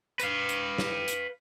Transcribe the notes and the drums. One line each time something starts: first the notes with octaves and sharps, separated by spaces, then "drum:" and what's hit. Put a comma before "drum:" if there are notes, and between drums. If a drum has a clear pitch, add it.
B4 F5, drum: hi-hat
drum: hi-hat
drum: snare
drum: hi-hat